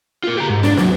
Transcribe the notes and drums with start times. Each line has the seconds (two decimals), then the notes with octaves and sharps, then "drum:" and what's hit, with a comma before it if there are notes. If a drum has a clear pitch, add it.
0.24 F4 A#4
0.37 G4 A#5
0.50 G#2
0.63 D4, drum: snare
0.77 D#2 F#3, drum: snare